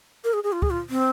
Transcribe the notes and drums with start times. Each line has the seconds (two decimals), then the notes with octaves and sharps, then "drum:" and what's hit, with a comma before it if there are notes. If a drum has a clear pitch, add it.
0.24 A#4
0.33 G#4
0.44 G#4
0.52 F4
0.62 G#4, drum: kick
0.70 F4
0.90 C4